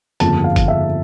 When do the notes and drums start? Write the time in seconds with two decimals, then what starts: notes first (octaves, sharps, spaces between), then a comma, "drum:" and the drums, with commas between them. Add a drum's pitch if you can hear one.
0.20 G1 F2 C#3 F3 A#3 A5, drum: hi-hat
0.44 F5
0.56 drum: kick F#1, hi-hat
0.68 E5